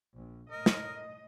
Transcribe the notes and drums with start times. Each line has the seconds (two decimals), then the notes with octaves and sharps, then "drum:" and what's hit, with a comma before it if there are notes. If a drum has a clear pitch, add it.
0.16 A#1
0.51 A2 A#4 D#5
0.66 drum: snare